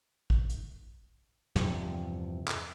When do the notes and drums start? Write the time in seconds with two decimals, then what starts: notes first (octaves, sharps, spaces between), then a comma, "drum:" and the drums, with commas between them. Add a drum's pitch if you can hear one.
0.30 drum: kick
0.49 drum: hi-hat
1.56 E2 G2 C3 F3, drum: snare
2.48 drum: clap